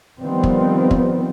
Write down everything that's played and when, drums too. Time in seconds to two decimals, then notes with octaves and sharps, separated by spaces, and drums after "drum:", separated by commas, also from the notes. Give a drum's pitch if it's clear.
0.20 D#3 F3 G3 B3 C4
0.44 drum: kick
0.91 drum: kick